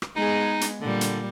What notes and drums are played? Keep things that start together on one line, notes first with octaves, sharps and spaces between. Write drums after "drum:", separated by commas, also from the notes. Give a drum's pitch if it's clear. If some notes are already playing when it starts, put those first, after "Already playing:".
drum: rim click
G#3 B3 D#4 G#4
drum: hi-hat
A#2 D3 G3
drum: hi-hat